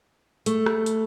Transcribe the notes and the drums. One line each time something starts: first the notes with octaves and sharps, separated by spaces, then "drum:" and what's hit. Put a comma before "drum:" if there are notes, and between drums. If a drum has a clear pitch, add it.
A3, drum: hi-hat
drum: rim click
drum: hi-hat